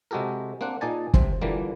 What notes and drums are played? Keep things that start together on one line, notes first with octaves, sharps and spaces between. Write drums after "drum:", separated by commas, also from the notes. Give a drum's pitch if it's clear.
C3 G#3 F#4 G4 A4 A#4
A#3 C4 D4 F#5
A#2 D#4 G#4 D5 G#5 A5
C3 C4, drum: kick
A#2 D3 E3 G3 A#3